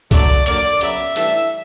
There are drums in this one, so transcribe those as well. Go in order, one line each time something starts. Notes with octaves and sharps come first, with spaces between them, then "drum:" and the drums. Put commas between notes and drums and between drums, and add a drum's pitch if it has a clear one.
D3 F#3 A3 D5, drum: kick C2, hi-hat
D3 F#3 A#3 D5, drum: hi-hat
F#2 C#3 F#3 B3 E5, drum: hi-hat
G2 E3 A3 E5, drum: hi-hat